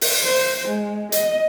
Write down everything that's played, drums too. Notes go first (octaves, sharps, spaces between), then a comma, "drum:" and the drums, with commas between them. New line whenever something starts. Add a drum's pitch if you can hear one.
drum: open hi-hat
C5
G#3
D#5, drum: hi-hat